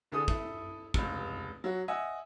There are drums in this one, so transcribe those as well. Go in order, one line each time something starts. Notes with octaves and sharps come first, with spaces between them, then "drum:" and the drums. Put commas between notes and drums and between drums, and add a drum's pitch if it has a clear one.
C2 D3 G#4 A4 D#6
E4 A4, drum: kick
F1 C#2, drum: kick
F#3 F#4
D#5 E5 F#5 G#5 E6